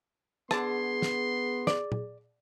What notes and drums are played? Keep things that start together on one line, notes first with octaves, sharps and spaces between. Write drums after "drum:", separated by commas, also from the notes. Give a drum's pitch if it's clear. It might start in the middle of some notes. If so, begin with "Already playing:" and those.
D3 B3 G#4 A5 C6, drum: rim click
drum: snare
D5, drum: snare
drum: tom